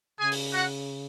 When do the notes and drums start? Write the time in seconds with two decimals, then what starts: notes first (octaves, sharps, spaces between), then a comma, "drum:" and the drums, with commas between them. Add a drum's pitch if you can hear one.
0.20 C#3 G#4 G#5
0.32 drum: open hi-hat
0.54 F#4 F#5